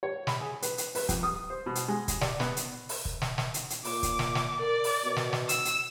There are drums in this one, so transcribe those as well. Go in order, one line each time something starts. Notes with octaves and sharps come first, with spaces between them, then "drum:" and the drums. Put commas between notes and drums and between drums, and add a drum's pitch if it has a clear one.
C#5
B5, drum: snare
G#4
B4, drum: hi-hat
drum: hi-hat
B4, drum: open hi-hat
F2, drum: kick, hi-hat
D#6
C5
B2
drum: hi-hat
G#3
drum: kick, hi-hat
D5, drum: snare
B3, drum: snare
drum: hi-hat
drum: open hi-hat
drum: kick
drum: snare
drum: snare
drum: hi-hat
drum: hi-hat
A#2 D6, drum: open hi-hat
drum: kick, hi-hat
drum: snare
drum: snare
A#4 D5
drum: open hi-hat
B2
drum: snare
drum: snare
E6, drum: hi-hat
drum: hi-hat